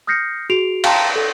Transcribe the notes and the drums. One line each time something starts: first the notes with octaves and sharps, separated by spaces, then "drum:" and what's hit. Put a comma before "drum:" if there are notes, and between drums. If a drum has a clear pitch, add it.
D#6 F6 G6 A#6 C7 C#7
F#4 G#4 C7 D7 F7
F5 G5 A5 A#5 C6, drum: cymbal
A4